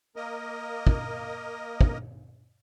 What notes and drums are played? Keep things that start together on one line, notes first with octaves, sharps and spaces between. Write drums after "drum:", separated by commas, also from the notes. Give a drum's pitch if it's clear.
A#3 A#4 D#5
drum: kick
drum: kick